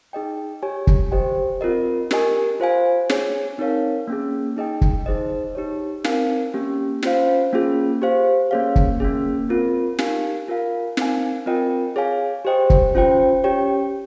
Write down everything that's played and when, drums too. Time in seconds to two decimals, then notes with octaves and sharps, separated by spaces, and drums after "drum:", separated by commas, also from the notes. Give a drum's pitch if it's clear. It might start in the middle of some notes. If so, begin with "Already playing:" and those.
0.13 D#4 G#4 D#5 G5
0.63 G4 C#5 G#5
0.87 drum: kick
1.12 G4 C5 D#5 G5
1.61 C4 F4 A#4 D#5
2.11 G4 A#4 D#5 G#5, drum: snare
2.60 F4 C5 F5 G#5
3.10 G#4 C#5 G#5, drum: snare
3.58 C4 D#4 A#4 C#5 F5
4.08 A#3 C#4 G#4
4.57 D#4 G#4 D#5 G5
4.81 drum: kick
5.06 D#4 G#4 C5 D#5
5.55 D#4 G4 C#5
6.05 C4 D#4 A#4 F5 G#5, drum: snare
6.54 A#3 C#4 G4
7.03 C#4 F4 C5 F5, drum: snare
7.53 A#3 C#4 F4 G#4
8.02 G4 C5 F5
8.51 A#3 C#4 G#4 C#5 F5
8.76 drum: kick
9.00 A#3 C#4 G#4
9.49 C4 F4 A#4
9.99 D#4 G4 A#4 F5 G#5, drum: snare
10.48 F4 A#4 F5 G#5
10.97 C4 D#4 A#4 F5 G#5, drum: snare
11.46 C4 F4 A#4 D#5 G5
11.96 G#4 C#5 F5 G#5
12.45 G4 C5 D#5 G5
12.70 drum: kick
12.95 C#4 F4 C5 G5
13.44 C#4 G4 C#5 G5